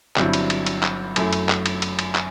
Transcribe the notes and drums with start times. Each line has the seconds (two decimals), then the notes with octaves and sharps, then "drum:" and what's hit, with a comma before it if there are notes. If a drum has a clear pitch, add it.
0.16 G1 G2 F#3 C4 E4, drum: clap
0.33 drum: cymbal
0.50 drum: cymbal
0.66 drum: cymbal
0.83 drum: clap
1.16 F#2 F#3 A3 E4, drum: cymbal
1.33 drum: cymbal
1.49 drum: clap
1.66 drum: cymbal
1.82 drum: cymbal
1.99 drum: cymbal
2.15 drum: clap